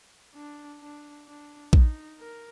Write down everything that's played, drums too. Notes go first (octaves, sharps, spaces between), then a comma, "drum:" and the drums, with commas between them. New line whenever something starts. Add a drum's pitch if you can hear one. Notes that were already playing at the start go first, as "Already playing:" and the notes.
D4
D4
D4
D#4, drum: kick A#1
A#4